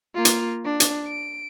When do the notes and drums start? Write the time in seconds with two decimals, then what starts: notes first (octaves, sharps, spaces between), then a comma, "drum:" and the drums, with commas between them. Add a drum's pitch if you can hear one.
0.15 A#3 F4
0.25 drum: hi-hat
0.65 D4
0.80 drum: hi-hat
1.08 D7